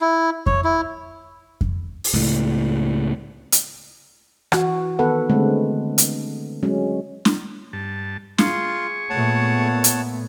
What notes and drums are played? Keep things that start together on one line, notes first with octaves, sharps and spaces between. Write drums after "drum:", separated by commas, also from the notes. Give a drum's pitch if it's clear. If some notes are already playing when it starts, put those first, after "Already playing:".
E4
C#5, drum: kick F2
E4
drum: kick F2
drum: open hi-hat
C#2 A2
drum: hi-hat
E3 F#4, drum: rim click
D#3 B3 A4 B4 F#5
D3 G#3 A3 C4
drum: hi-hat
F#3 G#3 C#4
drum: snare
G2 A5
F4 G#4 C6 C#6, drum: snare
A#2 A3 B3 C#5 F#5 A5
drum: hi-hat